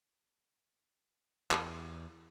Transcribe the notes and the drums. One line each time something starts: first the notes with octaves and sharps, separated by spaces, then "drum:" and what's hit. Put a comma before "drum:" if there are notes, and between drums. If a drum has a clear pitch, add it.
E2, drum: clap